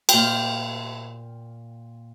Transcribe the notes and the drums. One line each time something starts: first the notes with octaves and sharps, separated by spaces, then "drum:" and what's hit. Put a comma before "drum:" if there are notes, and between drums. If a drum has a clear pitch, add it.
A#2 G5, drum: cymbal